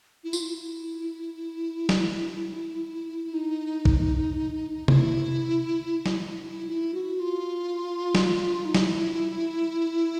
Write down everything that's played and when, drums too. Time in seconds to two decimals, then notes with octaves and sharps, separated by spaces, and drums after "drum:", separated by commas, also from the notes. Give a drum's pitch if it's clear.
0.24 E4
0.33 F4, drum: tambourine
0.42 E4
1.89 drum: snare
3.33 D#4
3.85 drum: kick
4.88 E4, drum: tom C3
6.06 drum: snare
6.42 E4
6.68 E4
6.94 F#4
7.20 F4
8.15 drum: snare
8.65 D#4
8.75 E4, drum: snare